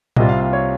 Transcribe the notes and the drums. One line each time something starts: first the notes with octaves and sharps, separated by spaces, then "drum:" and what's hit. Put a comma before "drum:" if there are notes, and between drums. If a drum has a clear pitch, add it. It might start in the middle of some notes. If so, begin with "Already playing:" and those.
C2 C3 G3 C4 F4 D#5, drum: tom A2
F5
F5
C#5